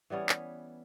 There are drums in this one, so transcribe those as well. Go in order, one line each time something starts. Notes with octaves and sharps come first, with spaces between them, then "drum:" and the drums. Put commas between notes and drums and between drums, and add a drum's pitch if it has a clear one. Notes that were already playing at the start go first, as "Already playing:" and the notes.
E3 G3 B3 C#4
drum: clap